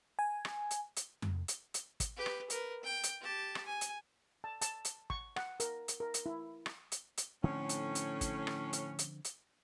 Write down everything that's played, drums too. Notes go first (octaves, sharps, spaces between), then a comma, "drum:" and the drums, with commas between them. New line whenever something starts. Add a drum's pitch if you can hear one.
G#5
drum: rim click
drum: hi-hat
drum: hi-hat
drum: tom F2
drum: hi-hat
drum: hi-hat
drum: kick, hi-hat
G4 B4
drum: rim click
A#4 B4, drum: hi-hat
G5
drum: hi-hat
G4 A5
drum: rim click
G#5
drum: hi-hat
A5
A5, drum: hi-hat
drum: hi-hat
C#6, drum: kick
F#5, drum: rim click
A#4, drum: hi-hat
drum: hi-hat
A#4
drum: hi-hat
E4
drum: rim click
drum: hi-hat
drum: hi-hat
A2 D3 F3 C4 C#4
drum: hi-hat
drum: hi-hat
drum: kick, hi-hat
drum: rim click
drum: hi-hat
drum: hi-hat
drum: hi-hat